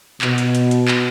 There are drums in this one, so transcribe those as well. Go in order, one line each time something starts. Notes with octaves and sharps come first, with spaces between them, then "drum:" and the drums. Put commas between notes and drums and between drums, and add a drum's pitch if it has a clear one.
B2, drum: clap
drum: hi-hat
drum: hi-hat
drum: hi-hat
drum: clap